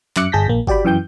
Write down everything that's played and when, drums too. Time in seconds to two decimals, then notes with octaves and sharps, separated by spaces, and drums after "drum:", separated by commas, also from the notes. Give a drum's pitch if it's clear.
0.17 F#2 E5 D6 F#6 C#7, drum: clap
0.32 G1 G#4 A5 G6 A#6 B6
0.48 A#1 A#3
0.67 F#4 G4 D5 G5 B5, drum: kick G1
0.85 F#2 E3 G5 G6